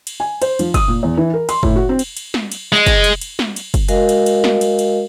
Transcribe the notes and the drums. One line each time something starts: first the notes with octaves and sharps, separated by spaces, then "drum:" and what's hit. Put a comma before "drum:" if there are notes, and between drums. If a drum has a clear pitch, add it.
drum: cymbal
G#5
C5, drum: cymbal
F3, drum: cymbal
D#6, drum: kick, cymbal
A#2
E2
E3
A#4
C6, drum: cymbal
A2, drum: kick
F#4
C4
drum: cymbal
drum: cymbal
drum: snare
drum: cymbal
G#3
drum: kick, cymbal
drum: cymbal
drum: cymbal
drum: snare
drum: cymbal
drum: kick, cymbal
G#3 F#4 A#4 D#5 F5, drum: cymbal
drum: cymbal
drum: cymbal
drum: snare
drum: cymbal
drum: cymbal